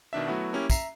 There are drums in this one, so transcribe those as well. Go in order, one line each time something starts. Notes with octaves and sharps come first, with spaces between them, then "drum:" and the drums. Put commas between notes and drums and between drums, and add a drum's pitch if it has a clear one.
B2 D#3 D4 E5
F#3 A3 B3 E4 F#4
A#3 C#4 E4 G4
E5 A#5 C7, drum: kick, tambourine